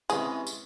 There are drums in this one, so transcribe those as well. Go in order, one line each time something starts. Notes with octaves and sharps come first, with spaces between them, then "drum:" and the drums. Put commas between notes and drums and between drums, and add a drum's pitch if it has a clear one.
C3 E3 G#3 C#4 G#4, drum: tambourine
drum: tambourine